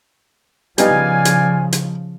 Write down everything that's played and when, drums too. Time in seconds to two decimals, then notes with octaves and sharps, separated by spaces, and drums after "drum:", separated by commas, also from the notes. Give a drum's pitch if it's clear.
0.78 C#3 F3 G3 B3 D#4 D5 F5 G#5, drum: hi-hat
1.25 drum: hi-hat
1.73 drum: hi-hat